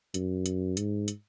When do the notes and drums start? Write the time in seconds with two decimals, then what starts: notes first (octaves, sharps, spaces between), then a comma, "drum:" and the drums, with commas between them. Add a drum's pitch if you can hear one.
0.14 F#2, drum: hi-hat
0.46 drum: hi-hat
0.77 G#2, drum: hi-hat
1.08 drum: hi-hat